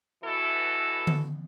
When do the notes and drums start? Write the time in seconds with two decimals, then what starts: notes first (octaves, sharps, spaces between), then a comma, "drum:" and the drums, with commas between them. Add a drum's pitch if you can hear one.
0.24 B2 E3 E4 F#4 A4
1.07 drum: tom D3